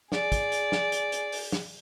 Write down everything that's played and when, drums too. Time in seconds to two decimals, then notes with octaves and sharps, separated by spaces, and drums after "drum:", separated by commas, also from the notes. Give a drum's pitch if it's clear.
0.12 G#4 D5, drum: snare
0.32 drum: kick, hi-hat
0.52 drum: hi-hat
0.72 drum: snare
0.92 drum: hi-hat
1.12 drum: hi-hat
1.32 drum: open hi-hat
1.52 drum: snare